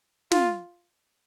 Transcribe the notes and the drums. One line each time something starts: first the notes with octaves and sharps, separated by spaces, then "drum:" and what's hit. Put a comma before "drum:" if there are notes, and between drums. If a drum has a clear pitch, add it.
F4, drum: snare